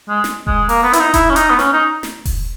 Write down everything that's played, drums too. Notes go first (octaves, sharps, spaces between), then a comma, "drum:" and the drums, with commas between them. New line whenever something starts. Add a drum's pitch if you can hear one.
G#3
drum: snare
G#3, drum: kick E1
A#3, drum: open hi-hat
B3
E4, drum: hi-hat
D#4
E4, drum: kick E1, hi-hat
C#4
D#4, drum: hi-hat
B3
C#4, drum: snare
D#4
drum: snare
drum: kick E1, open hi-hat